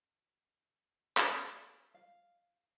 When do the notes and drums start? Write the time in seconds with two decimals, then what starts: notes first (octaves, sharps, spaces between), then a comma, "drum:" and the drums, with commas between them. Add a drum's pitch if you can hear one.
1.17 drum: clap
1.94 F5